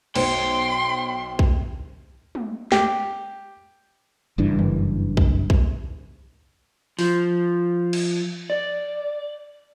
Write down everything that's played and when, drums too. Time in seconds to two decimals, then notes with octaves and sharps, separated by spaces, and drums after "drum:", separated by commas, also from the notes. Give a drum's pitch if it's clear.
0.16 B1 C5 G5 C6 C#7, drum: cymbal
1.39 drum: kick A#1
2.35 drum: tom
2.72 G4, drum: snare
4.38 F#1 G2 E3 D4
4.59 drum: tom
5.17 drum: kick A#1
5.50 drum: kick A#1
6.99 F3, drum: open hi-hat
7.93 drum: cymbal
8.50 D5